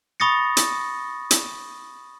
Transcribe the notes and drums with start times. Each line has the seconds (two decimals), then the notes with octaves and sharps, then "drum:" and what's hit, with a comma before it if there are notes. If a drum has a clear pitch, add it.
0.20 B5 C#6 D#6 A6 A#6 C#7
0.57 drum: hi-hat
1.31 drum: hi-hat